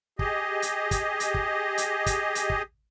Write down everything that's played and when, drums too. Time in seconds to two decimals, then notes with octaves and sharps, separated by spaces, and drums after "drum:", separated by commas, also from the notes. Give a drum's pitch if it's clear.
0.19 G4 G#4 D#5, drum: kick
0.62 drum: hi-hat
0.91 drum: kick, hi-hat
1.20 drum: hi-hat
1.34 drum: kick
1.78 drum: hi-hat
2.06 drum: kick, hi-hat
2.35 drum: hi-hat
2.50 drum: kick